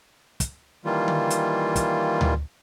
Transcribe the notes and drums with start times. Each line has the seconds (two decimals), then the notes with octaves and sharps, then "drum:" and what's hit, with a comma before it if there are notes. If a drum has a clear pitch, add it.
0.40 drum: kick, hi-hat
0.85 D#3 E3 G3 A#3 F4
1.08 drum: tom D3
1.30 drum: hi-hat
1.76 drum: kick, hi-hat
2.21 drum: tom D2